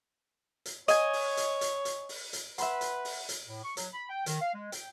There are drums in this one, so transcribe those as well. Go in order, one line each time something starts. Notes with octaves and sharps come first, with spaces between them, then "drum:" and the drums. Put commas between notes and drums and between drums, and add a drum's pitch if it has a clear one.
drum: hi-hat
C#5 D#5 G#5, drum: hi-hat
drum: open hi-hat
drum: hi-hat
drum: hi-hat
drum: hi-hat
drum: open hi-hat
drum: hi-hat
B4 E5 F#5 B5 C6, drum: hi-hat
drum: hi-hat
drum: open hi-hat
drum: hi-hat
A2
C#6
F#3, drum: hi-hat
B5
G5
D#3, drum: hi-hat
F5
G#3
G5, drum: hi-hat